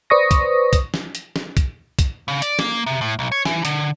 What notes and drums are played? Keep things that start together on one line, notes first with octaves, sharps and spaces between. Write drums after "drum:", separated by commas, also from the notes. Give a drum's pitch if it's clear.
B4 C5 D5 C#6 D#6 A#6
drum: kick, hi-hat
drum: kick, hi-hat
drum: snare
drum: hi-hat
drum: snare
drum: kick, hi-hat
drum: kick, hi-hat
C#3
D5, drum: hi-hat
A#3, drum: snare
C3
A2
B1
C#5
E3, drum: snare
D3, drum: hi-hat